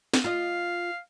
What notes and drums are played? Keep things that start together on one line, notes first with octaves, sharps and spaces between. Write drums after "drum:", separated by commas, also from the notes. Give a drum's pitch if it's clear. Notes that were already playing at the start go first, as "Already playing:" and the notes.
drum: snare
F4 D#5 F5